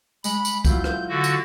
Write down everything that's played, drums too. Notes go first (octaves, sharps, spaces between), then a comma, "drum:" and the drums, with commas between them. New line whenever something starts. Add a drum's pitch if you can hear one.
G#3 B5, drum: tambourine
drum: tambourine
F#3 E4 F4 G6, drum: kick C2, tambourine
drum: rim click
D3 F#4
drum: tambourine